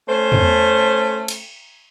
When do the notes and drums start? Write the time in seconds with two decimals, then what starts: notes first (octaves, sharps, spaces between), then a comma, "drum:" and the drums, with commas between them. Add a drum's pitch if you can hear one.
0.08 A3 C#4 C5
0.32 drum: tom E2
1.28 drum: cymbal